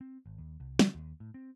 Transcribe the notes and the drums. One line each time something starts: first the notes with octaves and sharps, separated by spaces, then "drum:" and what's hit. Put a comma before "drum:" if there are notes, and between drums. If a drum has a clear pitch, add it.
C4
G#1
D#2
C2
D3, drum: snare
D#2
A2
C4